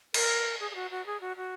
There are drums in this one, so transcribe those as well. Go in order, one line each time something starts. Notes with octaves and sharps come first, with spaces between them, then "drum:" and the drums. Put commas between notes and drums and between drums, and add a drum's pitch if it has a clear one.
A#4, drum: cymbal
G#4
G#4
F#4
F#4
G#4
F#4
F#4